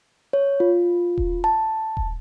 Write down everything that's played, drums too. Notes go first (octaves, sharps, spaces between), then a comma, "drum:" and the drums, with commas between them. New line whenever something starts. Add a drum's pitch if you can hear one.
C#5
F4
drum: kick D#1
A5
drum: kick D#1